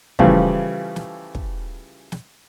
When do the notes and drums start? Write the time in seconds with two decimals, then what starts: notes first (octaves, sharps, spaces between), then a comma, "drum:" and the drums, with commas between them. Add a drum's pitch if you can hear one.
0.19 C#3 E3 F3 G3 A3, drum: kick
0.96 drum: snare
1.35 drum: kick
2.12 drum: snare